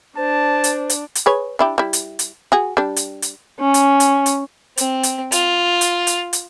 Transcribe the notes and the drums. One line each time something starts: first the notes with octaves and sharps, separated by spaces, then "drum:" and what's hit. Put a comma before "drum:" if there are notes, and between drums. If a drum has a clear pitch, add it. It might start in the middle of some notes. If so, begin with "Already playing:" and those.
D4 C5 A5
drum: hi-hat
drum: hi-hat
drum: hi-hat
G#4 B4 C#5
D4 E4 G4
G3 E4
drum: hi-hat
drum: hi-hat
F#4 G#4
G3 D4
drum: hi-hat
drum: hi-hat
C#4
drum: hi-hat
drum: hi-hat
drum: hi-hat
C4, drum: hi-hat
drum: hi-hat
F4, drum: hi-hat
drum: hi-hat
drum: hi-hat
drum: hi-hat